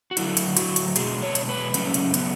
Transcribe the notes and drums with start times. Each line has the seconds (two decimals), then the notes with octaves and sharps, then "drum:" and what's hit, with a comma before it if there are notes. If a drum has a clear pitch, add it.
0.11 F#4
0.17 D3 F#3 A3 E4, drum: hi-hat
0.37 drum: hi-hat
0.57 F#4, drum: hi-hat
0.76 drum: hi-hat
0.96 B2 G#3 G#4, drum: hi-hat
1.23 C#5
1.35 drum: hi-hat
1.49 B4
1.74 C#3 F#3 A3 C#4, drum: hi-hat
1.94 drum: hi-hat
2.14 B3, drum: hi-hat